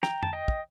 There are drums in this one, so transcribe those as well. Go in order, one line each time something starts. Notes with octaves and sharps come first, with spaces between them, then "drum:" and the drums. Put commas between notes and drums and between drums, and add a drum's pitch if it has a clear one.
G5 A#5, drum: snare
A5, drum: tom F2
D#5 G5
drum: kick